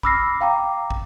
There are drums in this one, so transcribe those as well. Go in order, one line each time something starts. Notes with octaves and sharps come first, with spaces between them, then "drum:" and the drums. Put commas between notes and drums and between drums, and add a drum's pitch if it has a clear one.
B5 D6 E6 F6 A#6 C7, drum: kick
F5 G5 A#5 D6
drum: kick